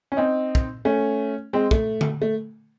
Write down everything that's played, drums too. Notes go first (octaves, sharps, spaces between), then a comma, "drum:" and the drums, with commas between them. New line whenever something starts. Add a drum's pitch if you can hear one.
C#4
C4 D#4
drum: kick
A3 C#4
G#3 C4
A3, drum: kick
drum: tom D3
A3